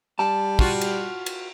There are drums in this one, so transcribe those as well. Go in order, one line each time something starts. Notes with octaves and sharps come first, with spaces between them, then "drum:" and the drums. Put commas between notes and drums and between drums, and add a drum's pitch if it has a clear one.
G3 A5
F4 F#4, drum: kick
drum: cymbal
drum: cymbal